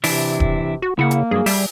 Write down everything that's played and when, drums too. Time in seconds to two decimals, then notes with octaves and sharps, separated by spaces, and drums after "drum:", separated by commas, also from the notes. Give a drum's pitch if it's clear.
0.04 C3 E3 D4 E4, drum: open hi-hat
0.40 drum: kick D#1
0.82 F#4
0.99 C#3 A#3 E4 F#5
1.11 drum: hi-hat
1.31 G2 F#3 G#4
1.46 G3 G4 G#4 E5, drum: open hi-hat